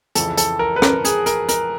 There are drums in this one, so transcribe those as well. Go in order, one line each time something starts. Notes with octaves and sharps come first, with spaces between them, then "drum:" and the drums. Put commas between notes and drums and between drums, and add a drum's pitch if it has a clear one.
F2 C#3 E3 A4, drum: hi-hat
A4, drum: hi-hat
A#4
B4
A#4, drum: rim click
G#4, drum: hi-hat
A#4, drum: hi-hat
A#4, drum: hi-hat